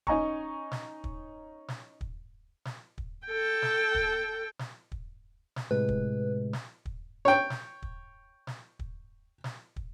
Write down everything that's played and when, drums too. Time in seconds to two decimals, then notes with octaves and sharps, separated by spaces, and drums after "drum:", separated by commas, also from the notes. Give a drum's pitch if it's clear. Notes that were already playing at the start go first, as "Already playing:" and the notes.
0.07 C#4 D#4 D#5 G#5 A#5 C#6, drum: kick
0.71 drum: snare
1.04 drum: kick
1.68 drum: snare
2.01 drum: kick
2.65 drum: snare
2.98 drum: kick
3.27 A4 G5
3.62 drum: snare
3.95 drum: kick
4.59 drum: snare
4.92 drum: kick
5.56 drum: snare
5.71 A2 C3 G#3 B4
5.89 drum: kick
6.53 drum: snare
6.85 drum: kick
7.25 C#5 G5
7.50 drum: snare
7.82 drum: kick
8.47 drum: snare
8.79 drum: kick
9.44 drum: snare
9.76 drum: kick